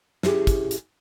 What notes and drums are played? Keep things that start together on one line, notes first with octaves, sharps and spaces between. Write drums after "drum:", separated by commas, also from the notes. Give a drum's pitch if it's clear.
C#4 E4 G4 G#4, drum: snare
drum: kick, hi-hat
drum: hi-hat